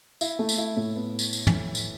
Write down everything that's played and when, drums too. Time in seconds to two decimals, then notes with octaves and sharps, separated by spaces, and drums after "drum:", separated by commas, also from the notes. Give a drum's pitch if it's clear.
0.21 E4, drum: tambourine
0.39 A3
0.49 drum: tambourine
0.58 E4
0.76 A2
0.96 B3
1.19 drum: tambourine
1.33 drum: tambourine
1.47 drum: tom
1.75 drum: tambourine